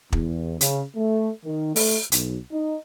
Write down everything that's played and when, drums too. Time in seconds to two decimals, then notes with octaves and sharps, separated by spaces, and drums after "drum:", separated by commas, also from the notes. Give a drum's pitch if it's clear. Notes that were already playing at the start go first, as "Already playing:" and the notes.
0.12 E2, drum: kick
0.61 C#3, drum: hi-hat
0.96 A3
1.45 D#3
1.76 A3, drum: open hi-hat
2.12 B1, drum: hi-hat
2.52 D#4